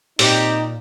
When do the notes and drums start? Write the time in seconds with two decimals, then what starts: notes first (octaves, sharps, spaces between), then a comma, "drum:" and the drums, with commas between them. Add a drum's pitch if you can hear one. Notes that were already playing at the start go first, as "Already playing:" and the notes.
0.19 A#2 C4 D#4 G4, drum: open hi-hat